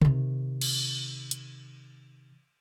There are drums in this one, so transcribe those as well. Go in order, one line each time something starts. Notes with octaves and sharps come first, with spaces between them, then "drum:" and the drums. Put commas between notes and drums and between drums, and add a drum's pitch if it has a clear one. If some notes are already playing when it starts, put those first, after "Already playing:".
C3 D#3, drum: tom C#3
drum: cymbal
drum: hi-hat